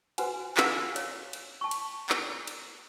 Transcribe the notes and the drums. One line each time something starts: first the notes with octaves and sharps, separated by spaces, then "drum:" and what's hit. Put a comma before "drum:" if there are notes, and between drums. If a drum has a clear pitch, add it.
F#4 B4 C5 F#5 G#5, drum: cymbal
B4 F5 F#5 E6, drum: clap
C#5, drum: cymbal
drum: cymbal
A5 C#6
drum: cymbal
drum: clap
drum: cymbal